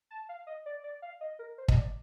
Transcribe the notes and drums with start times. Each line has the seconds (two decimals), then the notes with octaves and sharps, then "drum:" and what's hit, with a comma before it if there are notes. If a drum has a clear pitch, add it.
0.11 A5
0.29 F5
0.47 D#5
0.66 D5
0.84 D5
1.02 F5
1.21 D#5
1.39 A#4
1.58 C5
1.68 D#5, drum: kick
1.76 D5